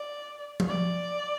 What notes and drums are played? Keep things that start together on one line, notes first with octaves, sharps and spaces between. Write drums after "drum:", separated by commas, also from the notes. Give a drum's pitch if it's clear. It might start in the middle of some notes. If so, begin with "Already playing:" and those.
Already playing: D5
drum: tom F3
D5